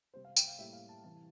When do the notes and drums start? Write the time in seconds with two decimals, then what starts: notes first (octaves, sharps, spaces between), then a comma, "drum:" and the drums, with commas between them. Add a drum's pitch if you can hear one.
0.14 C3 G3 C4 C5
0.25 F5
0.36 G5, drum: tambourine
0.47 F5
0.58 A2 G3 A#3 E5
0.73 F5
0.89 A5
1.04 C3 E3 G3 A5